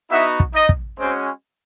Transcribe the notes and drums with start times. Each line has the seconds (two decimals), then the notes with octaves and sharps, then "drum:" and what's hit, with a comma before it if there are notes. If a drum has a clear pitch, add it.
0.10 B3 D#4 E4 F#4 E5
0.40 drum: kick
0.54 D#4 D#5
0.69 drum: kick
0.98 G#3 C4 C#4 F#4 C5